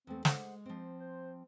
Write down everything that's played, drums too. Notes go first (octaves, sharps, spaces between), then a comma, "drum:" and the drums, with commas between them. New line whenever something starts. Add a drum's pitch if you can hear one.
E2 A3 C4
G#3 G#4 C5 F#5, drum: snare
F3 C4
C5